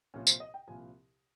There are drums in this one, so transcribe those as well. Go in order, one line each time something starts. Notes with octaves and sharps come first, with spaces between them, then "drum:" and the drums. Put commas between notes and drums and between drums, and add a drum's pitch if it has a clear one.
C2 A#2 F3 C#4
C5, drum: tambourine
D#5
G5
C2 A#2 F3 G#5